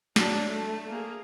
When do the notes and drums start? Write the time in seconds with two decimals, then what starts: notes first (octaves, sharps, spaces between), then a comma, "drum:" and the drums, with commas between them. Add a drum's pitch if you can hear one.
0.16 F#3 D4, drum: snare
0.48 A3
0.90 A#3 G#4